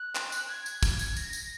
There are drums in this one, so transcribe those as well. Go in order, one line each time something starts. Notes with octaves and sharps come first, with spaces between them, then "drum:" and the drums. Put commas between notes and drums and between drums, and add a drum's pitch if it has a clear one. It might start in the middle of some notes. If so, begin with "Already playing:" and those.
Already playing: F#6
drum: clap
drum: tambourine
G#6
drum: tambourine
drum: kick, tambourine
drum: tambourine
A#6, drum: tambourine
drum: tambourine